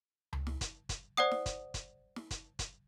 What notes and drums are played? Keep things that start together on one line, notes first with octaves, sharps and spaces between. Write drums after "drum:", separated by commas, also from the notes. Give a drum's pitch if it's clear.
drum: tom C#2
drum: snare
drum: kick, hi-hat
drum: kick, hi-hat
C5 D5 F#5 D#6
drum: snare
drum: kick, hi-hat
drum: kick, hi-hat
drum: snare
drum: kick, hi-hat
drum: kick, hi-hat